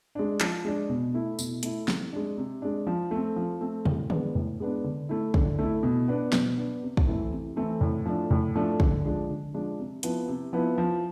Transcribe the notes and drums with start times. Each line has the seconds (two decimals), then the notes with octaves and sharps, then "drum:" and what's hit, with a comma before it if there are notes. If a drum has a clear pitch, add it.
0.15 G#3 D4
0.40 F3, drum: clap
0.65 G#3 D4
0.89 B2
1.14 A3 E4
1.39 B2, drum: tambourine
1.63 A3 E4, drum: hi-hat
1.88 C3, drum: snare
2.13 G#3 D4
2.37 C3
2.62 G#3 D4
2.87 F3
3.11 A3 C4
3.36 F3
3.61 A3 C4
3.85 A2, drum: tom
4.10 G#3 B3 D4, drum: tom D3
4.35 A2
4.60 G#3 B3 D4
4.84 D3
5.09 A3 E4
5.34 D3, drum: kick
5.59 A3 E4
5.83 B2
6.08 B3 D4
6.33 B2, drum: snare
6.58 B3 D4
6.82 C3
6.97 drum: kick
7.07 E3 A3 C4 E4
7.32 C3
7.56 E3 A3 C4 E4
7.81 A2
8.05 F3 A3 D4
8.31 A2
8.55 F3 A3 D4
8.80 D3, drum: kick
9.05 F3 G#3 D4
9.29 D3
9.54 F3 G#3 D4
9.79 C3
10.03 F3 B3 E4, drum: hi-hat
10.28 C3
10.53 F3 B3 E4
10.78 F3